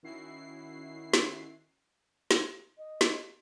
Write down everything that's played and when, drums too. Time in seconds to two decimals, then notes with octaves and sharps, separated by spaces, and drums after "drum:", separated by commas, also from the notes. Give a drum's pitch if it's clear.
0.03 D#3 C#4 E4 F#4 C7
1.13 drum: snare
2.31 drum: snare
2.77 D#5
3.01 drum: snare